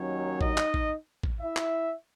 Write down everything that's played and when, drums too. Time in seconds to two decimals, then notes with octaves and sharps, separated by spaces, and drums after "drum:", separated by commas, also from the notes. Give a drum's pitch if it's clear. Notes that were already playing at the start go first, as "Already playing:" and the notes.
Already playing: D#2 D#3 F#3 C#4 C#5
0.41 D#4 D#5, drum: kick A1
0.57 drum: clap
0.74 drum: kick A1
1.23 drum: kick A1
1.40 E4 E5
1.56 drum: clap